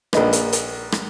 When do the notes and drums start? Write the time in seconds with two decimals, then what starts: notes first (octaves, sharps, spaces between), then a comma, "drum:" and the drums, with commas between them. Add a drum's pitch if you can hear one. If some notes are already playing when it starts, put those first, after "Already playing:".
0.13 A#1 D#4 B4, drum: rim click
0.33 drum: hi-hat
0.53 drum: hi-hat
0.92 drum: rim click